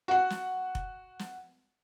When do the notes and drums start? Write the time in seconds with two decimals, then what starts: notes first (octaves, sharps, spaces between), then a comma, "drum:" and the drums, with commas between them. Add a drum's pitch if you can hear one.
0.08 F#4 F#5
0.30 drum: snare
0.75 drum: kick F1
1.19 drum: snare